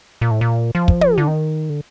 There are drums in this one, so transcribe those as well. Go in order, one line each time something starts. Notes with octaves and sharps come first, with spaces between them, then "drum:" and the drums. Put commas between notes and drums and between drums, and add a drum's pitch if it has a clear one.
A#2
A2
A#2
F3
drum: kick
drum: tom
D3
D#3
D3